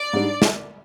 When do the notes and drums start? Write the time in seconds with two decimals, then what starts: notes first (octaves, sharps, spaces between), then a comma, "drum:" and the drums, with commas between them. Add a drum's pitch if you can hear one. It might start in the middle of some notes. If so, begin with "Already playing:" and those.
Already playing: D5
0.13 G#2 G3 D4
0.42 drum: snare